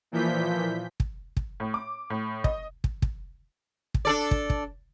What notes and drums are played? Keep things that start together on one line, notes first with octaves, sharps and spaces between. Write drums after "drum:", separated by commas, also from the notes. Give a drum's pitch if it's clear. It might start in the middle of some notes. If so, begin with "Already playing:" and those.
A#2 E3 F3 G6 B6
drum: kick
drum: kick
A2
D6
A2
D#5, drum: kick
drum: kick
drum: kick
drum: kick
D4 A4 D5
drum: kick
drum: kick